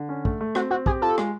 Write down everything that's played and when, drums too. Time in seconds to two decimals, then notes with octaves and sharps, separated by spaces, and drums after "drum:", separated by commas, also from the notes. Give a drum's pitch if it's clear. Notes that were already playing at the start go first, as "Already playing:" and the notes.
Already playing: D3
0.09 C#4
0.25 A3, drum: kick
0.41 A3
0.55 C4 F#4, drum: rim click
0.70 C4 F#4
0.86 G4 G#4, drum: kick
1.02 F4 A4
1.18 G#3, drum: rim click